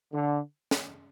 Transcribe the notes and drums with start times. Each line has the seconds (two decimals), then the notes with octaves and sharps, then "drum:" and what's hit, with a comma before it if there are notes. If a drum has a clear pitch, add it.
0.13 D3
0.71 drum: snare